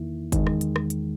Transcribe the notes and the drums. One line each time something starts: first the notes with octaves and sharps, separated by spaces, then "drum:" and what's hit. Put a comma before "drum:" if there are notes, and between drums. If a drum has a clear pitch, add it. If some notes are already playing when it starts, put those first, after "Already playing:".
Already playing: E2 D#3 A#3 E4
E2 D#3 G#3, drum: kick, hi-hat
drum: rim click
drum: hi-hat
drum: rim click
drum: hi-hat